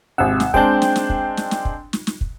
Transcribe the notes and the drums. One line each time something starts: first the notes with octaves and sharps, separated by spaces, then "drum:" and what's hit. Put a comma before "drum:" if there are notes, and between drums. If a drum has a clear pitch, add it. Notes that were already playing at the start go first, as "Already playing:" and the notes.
G#1 C3 F#5 E6
drum: snare
G#3 C4 D4 G5 G6, drum: kick
drum: snare
drum: snare
drum: kick
drum: snare
drum: snare
drum: kick
drum: snare
drum: snare
drum: kick